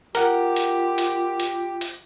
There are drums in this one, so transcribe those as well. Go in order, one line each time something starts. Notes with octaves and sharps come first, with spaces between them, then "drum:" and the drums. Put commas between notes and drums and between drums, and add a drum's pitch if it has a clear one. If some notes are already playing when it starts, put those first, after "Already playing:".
F4 G4 A#4 F#5, drum: hi-hat
drum: hi-hat
drum: hi-hat
drum: hi-hat
drum: hi-hat